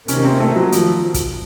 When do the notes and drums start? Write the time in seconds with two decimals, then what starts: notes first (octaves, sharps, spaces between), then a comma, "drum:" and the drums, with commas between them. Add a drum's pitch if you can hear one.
0.08 C3 D#3 A#3 C#4 D#4, drum: hi-hat
0.25 C4
0.40 A3
0.56 F#3
0.72 F3, drum: hi-hat
1.14 drum: kick, hi-hat